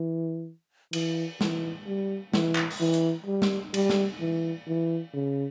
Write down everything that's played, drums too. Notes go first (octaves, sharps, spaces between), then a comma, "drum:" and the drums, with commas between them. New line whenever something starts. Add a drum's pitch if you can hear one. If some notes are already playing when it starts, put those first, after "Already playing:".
Already playing: E3
E3, drum: cymbal
E3, drum: snare
G3
E3, drum: snare
drum: clap
drum: open hi-hat
E3
drum: hi-hat
G3
drum: snare
G3, drum: cymbal
drum: snare
E3
E3
C#3